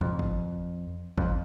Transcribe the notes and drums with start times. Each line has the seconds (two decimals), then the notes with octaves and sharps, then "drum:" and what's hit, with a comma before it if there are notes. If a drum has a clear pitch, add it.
0.01 F2, drum: tom G#2
0.19 drum: kick
1.18 F2, drum: kick